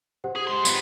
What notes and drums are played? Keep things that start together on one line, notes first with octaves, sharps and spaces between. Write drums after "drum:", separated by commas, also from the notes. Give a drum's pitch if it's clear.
G4 C5 F#5
G#4
G#2 C6
G2 B3, drum: tambourine